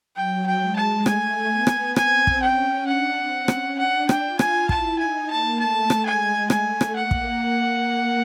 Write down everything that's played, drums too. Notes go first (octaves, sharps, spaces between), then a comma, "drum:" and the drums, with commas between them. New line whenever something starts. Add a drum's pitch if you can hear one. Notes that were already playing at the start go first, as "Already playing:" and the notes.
F#3 G5
G5
G#3
A5
A3 G#5, drum: rim click
B3
drum: rim click
C4 G#5, drum: rim click
drum: kick
C#4 G5
D4 F#5
C4
C#4, drum: rim click
D4 F#5
G5, drum: rim click
F4
G#5, drum: rim click
E4 A5, drum: kick
D#4 G#5
A#3 A5
A3 A5
drum: rim click
G#3 G#5
A3 G#5, drum: rim click
drum: rim click
A#3 F#5
drum: kick